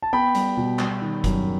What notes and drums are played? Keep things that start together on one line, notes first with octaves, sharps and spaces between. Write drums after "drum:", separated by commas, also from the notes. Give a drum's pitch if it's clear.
A5
B3 G5 B5
G3, drum: hi-hat
B2
G3, drum: clap
D#3
F#2, drum: kick F1, hi-hat